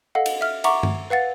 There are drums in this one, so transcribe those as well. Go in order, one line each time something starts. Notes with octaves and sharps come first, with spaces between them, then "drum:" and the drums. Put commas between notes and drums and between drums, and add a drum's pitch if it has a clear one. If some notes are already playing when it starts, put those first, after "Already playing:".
A4 D#5 F5 F#5
drum: cymbal
E5 F6
E5 F#5 A#5 C#6 D6, drum: cymbal
drum: tom G2
B4 F5 F#5 A6